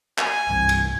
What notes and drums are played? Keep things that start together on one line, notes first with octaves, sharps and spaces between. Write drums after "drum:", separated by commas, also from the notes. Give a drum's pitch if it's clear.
G#5, drum: clap
C2 G2 E3 G#6
drum: cymbal